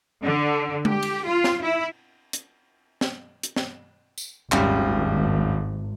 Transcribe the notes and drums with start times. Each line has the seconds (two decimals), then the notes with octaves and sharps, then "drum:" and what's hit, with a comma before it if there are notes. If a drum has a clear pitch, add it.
0.23 D3
0.85 G4, drum: tom G#3
1.03 drum: cymbal
1.25 F4
1.44 drum: snare
1.62 E4
2.33 drum: hi-hat
3.01 drum: snare
3.43 drum: hi-hat
3.56 drum: snare
4.18 drum: tambourine
4.52 D#1 G#1 F#2 G3, drum: clap